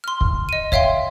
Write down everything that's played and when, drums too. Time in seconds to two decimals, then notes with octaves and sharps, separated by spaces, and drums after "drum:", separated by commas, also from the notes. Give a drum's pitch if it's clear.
0.04 C6 F6
0.21 drum: kick
0.49 D#5 D#7
0.72 C#5 E5 F5 G5 C6, drum: kick